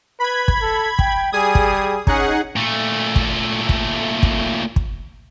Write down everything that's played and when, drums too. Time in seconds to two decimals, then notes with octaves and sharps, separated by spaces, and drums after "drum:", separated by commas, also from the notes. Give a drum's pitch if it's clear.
0.20 B4 B5 G#6
0.48 drum: kick
0.61 A4
0.99 G5, drum: kick
1.33 G3 G#4 G#5 D#6
1.55 drum: kick
2.07 C#4 D#4 G#4 F#5, drum: kick
2.56 A#2 A3
3.16 drum: kick
3.69 drum: kick
4.23 drum: kick
4.76 drum: kick